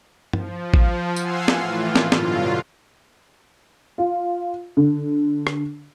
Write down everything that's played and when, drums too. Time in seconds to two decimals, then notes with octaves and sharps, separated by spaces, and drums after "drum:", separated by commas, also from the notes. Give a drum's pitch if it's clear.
0.33 F3, drum: tom
0.74 drum: kick
1.16 F5 F#5 G#5 C6 E6, drum: tambourine
1.48 A2 E3 F4, drum: snare
1.96 drum: snare
2.12 G2 B2 D3 F#3 F4, drum: snare
3.98 F4
4.77 D3
5.47 drum: rim click